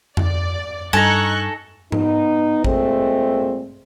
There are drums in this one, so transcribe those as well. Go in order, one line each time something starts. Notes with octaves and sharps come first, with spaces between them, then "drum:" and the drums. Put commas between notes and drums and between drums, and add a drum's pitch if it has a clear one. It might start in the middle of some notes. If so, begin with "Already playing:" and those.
D5, drum: tom F2
G2 D#4 A4 G#5 A#5 C#6 F#6
B3 D#4, drum: tom G#2
A#2 G#3 A3 C4, drum: kick A1